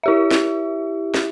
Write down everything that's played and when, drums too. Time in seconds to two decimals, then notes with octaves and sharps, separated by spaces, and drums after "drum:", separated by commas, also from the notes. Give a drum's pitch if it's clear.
0.03 E4 G4 E5
0.31 drum: snare
1.14 drum: snare